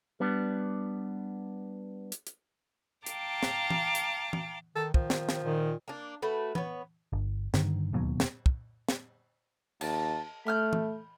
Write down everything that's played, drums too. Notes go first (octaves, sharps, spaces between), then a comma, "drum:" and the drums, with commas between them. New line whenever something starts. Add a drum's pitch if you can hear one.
G3 B3 D4
drum: hi-hat
drum: hi-hat
F5 G5 A5 A#5 D6, drum: hi-hat
drum: snare
drum: tom E3
drum: hi-hat
drum: tom E3
D#3 A4
D#3 F3, drum: kick
drum: snare
drum: snare
A#2 D#3
A#3 D4
A3 F#4 B4
B3 C#5, drum: tom E3
G1
G2 D3 D#3, drum: snare
D1 D#2 B2 F#3
drum: snare
drum: kick
drum: snare
D#2 A5, drum: cymbal
A3 B5 F6 G6
drum: tom E3